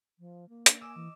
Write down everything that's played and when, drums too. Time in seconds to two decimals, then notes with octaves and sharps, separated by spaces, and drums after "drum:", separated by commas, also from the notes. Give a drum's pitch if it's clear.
0.19 F3
0.49 A#3
0.66 D4, drum: hi-hat
0.81 D#5 G#5 D6 E6
0.96 E3